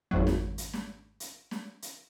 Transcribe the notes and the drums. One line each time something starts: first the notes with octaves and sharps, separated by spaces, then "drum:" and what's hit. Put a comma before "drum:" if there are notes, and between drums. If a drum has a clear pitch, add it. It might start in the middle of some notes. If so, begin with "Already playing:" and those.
G#1 F2 F#3
drum: snare
drum: hi-hat
drum: snare
drum: hi-hat
drum: snare
drum: hi-hat